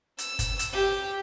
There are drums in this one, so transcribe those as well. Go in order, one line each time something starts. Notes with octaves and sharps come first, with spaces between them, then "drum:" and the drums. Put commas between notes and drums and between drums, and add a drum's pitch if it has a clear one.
E6, drum: hi-hat
drum: kick, hi-hat
drum: hi-hat
G4